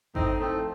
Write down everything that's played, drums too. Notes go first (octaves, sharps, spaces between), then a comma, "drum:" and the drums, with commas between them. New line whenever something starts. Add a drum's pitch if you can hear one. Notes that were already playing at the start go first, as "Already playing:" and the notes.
A2 C4 D#4, drum: kick G#1
A3 C4
F3